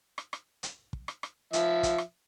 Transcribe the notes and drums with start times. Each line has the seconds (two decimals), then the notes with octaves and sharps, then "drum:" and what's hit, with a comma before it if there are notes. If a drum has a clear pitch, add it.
0.18 drum: rim click
0.33 drum: rim click
0.63 drum: hi-hat
0.93 drum: kick
1.08 drum: rim click
1.23 drum: rim click
1.53 F3 E5, drum: hi-hat
1.83 drum: kick, hi-hat
1.98 drum: rim click